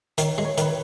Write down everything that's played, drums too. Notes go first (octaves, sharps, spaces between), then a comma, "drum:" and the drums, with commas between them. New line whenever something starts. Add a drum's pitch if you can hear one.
D#3 C#5, drum: hi-hat
G#3
C#5
D#3 B4, drum: hi-hat